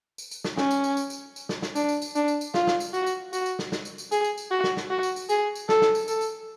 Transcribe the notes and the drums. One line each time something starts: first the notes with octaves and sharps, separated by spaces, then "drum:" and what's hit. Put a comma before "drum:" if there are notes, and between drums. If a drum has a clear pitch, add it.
drum: tambourine
drum: tambourine
drum: snare
C#4, drum: snare
drum: tambourine
drum: tambourine
drum: tambourine
drum: tambourine
drum: tambourine
drum: snare
drum: snare
D4, drum: tambourine
drum: tambourine
drum: tambourine
D4, drum: tambourine
drum: tambourine
drum: tambourine
F4, drum: snare
drum: snare
drum: tambourine
F#4, drum: tambourine
drum: tambourine
F#4, drum: tambourine
drum: tambourine
drum: snare
drum: snare
drum: tambourine
drum: tambourine
G#4, drum: tambourine
drum: tambourine
drum: tambourine
F#4
drum: snare
drum: snare
F#4
drum: tambourine
drum: tambourine
G#4, drum: tambourine
drum: tambourine
A4, drum: snare
drum: snare
drum: tambourine
A4, drum: tambourine
drum: tambourine